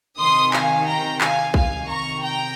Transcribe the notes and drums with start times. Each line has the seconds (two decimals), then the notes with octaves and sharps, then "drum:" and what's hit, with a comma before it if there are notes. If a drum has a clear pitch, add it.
0.19 C3 D#3 C6 D#6
0.53 F5 G#5, drum: clap
0.87 G5 A#5
1.21 F5 G#5, drum: clap
1.54 C3 D#3 F5 G#5, drum: kick B1
1.88 A#5 C#6
2.22 G5 A#5